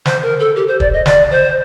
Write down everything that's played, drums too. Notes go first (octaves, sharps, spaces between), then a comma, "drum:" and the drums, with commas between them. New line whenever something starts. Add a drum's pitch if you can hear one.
C5, drum: snare
A#4
A4
G4
C5
D5, drum: kick
D#5
D5, drum: snare
C5